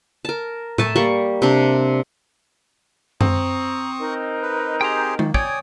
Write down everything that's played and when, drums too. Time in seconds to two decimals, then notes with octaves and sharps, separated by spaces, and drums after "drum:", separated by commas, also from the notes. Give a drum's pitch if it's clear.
0.25 A#4 A5
0.78 A3 G#5 A5, drum: tom A2
0.96 G3 A#3 C#6
1.42 C3 D4
3.21 C4 A#5 C#6 D#6, drum: tom F#2
3.99 D#4 A#4 D#5
4.42 B4
4.81 G4 G#4 C5 G5 A#5
5.19 D#3 A#3, drum: tom G#3
5.34 C#5 D5 G5 G#5 D#6, drum: kick